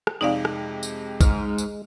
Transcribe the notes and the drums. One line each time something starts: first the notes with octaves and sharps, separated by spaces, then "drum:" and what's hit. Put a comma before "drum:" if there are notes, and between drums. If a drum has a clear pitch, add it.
drum: rim click
F2 C3 G#3 D#4 D5 F5
drum: rim click
drum: tambourine
G#2 F6, drum: kick A#1, tambourine
drum: tambourine